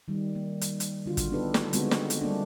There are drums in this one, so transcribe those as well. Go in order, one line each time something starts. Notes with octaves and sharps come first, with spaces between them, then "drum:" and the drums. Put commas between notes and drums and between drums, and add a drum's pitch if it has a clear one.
D#3 G3
A#3
drum: hi-hat
drum: hi-hat
D3 F4 F#4
drum: kick, hi-hat
B3 D4 D#4 G4 A4 B4
drum: snare
D3 G#3 B3 C4 F#4, drum: hi-hat
drum: snare
drum: hi-hat
G3 A3 A#3 D4